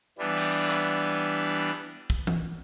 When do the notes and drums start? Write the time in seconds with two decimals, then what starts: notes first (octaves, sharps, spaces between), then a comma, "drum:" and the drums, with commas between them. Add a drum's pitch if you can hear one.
0.18 E3 G3 B3 D4
0.36 drum: cymbal
0.70 drum: clap
2.10 drum: kick
2.27 drum: tom E3